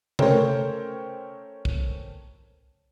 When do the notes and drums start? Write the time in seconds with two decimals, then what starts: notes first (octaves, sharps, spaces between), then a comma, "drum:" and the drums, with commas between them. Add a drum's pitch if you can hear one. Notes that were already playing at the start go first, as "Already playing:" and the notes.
0.19 A3 C#4 A#4 C5 C#5 G5, drum: tom C3
1.65 drum: kick